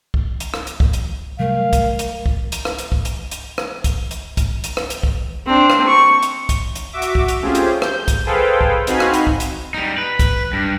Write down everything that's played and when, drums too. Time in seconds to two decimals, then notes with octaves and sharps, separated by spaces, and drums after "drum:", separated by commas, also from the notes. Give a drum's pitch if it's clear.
0.14 drum: kick C2
0.40 drum: hi-hat
0.54 drum: rim click
0.67 drum: hi-hat
0.80 drum: kick C2
0.93 drum: hi-hat
1.39 C3 F#3 G3 A3 A#4 F5
1.73 drum: kick C2, hi-hat
1.99 drum: hi-hat
2.26 drum: kick C2
2.52 drum: hi-hat
2.65 drum: rim click
2.79 drum: hi-hat
2.92 drum: kick C2
3.05 drum: hi-hat
3.31 drum: hi-hat
3.58 drum: rim click
3.84 drum: kick C2, hi-hat
4.11 drum: hi-hat
4.37 drum: kick C2, hi-hat
4.64 drum: hi-hat
4.77 drum: rim click
4.90 drum: hi-hat
5.03 drum: kick C2
5.46 C4 D4
5.70 drum: rim click
5.87 C#6
6.23 drum: hi-hat
6.49 drum: kick C2, hi-hat
6.75 drum: hi-hat
6.92 F#4 E5 D6
7.02 drum: hi-hat
7.15 drum: kick C2
7.28 drum: hi-hat
7.42 A3 C4 C#4 F4 G4 G#4
7.55 drum: hi-hat
7.82 G6, drum: rim click
8.08 drum: kick C2, hi-hat
8.26 G#4 A4 B4 C5 F5 G5
8.61 drum: kick C2
8.87 C4 D#4 F#4 F5 G#5 B5, drum: hi-hat
9.00 drum: rim click
9.14 drum: hi-hat
9.27 drum: kick C2
9.40 drum: hi-hat
9.74 G3 D#4
9.98 B4
10.19 drum: kick C2, hi-hat
10.53 G2